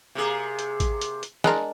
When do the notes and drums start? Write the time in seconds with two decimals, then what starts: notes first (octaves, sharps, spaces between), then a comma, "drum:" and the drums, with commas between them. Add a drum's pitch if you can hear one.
0.15 C3 A#3 G#4
0.59 drum: hi-hat
0.80 drum: kick A1, hi-hat
1.01 drum: hi-hat
1.23 drum: hi-hat
1.44 G#3 D4 A#4, drum: snare